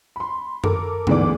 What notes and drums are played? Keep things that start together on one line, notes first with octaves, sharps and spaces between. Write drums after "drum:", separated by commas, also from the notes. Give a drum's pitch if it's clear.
B5 C6
A4 A#4 D6, drum: tom F#2
D2 G#2 E3 B3 D5 D6, drum: tom G2